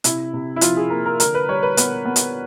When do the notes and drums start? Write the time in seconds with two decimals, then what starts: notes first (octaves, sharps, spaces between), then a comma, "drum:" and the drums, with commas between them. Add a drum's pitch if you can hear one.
0.04 C3 E4, drum: hi-hat
0.33 C3
0.56 E4
0.61 F3 F4, drum: hi-hat
0.77 G#4
0.90 A#3 A#4
1.06 A#4
1.20 D3 A#4, drum: hi-hat
1.35 B4
1.48 G3 C#5
1.63 B4
1.77 B3 B4, drum: hi-hat
2.05 B3
2.16 drum: hi-hat